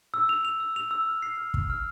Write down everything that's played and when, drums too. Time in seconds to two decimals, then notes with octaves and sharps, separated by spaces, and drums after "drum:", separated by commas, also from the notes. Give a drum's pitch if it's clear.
0.14 E6
0.29 F7
0.45 F7
0.60 E6
0.76 F7
0.91 E6
1.07 F6
1.22 C7
1.38 F6
1.54 F6, drum: kick
1.70 F6